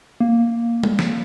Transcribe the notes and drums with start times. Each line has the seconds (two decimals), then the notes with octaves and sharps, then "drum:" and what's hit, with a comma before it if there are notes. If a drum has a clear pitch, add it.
0.20 A#3
0.84 drum: tom G3
0.99 drum: snare